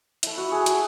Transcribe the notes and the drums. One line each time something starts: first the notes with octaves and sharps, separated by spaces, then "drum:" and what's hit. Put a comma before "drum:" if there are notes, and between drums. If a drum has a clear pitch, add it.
A3 E4, drum: hi-hat
F#4
G#4
F#4, drum: hi-hat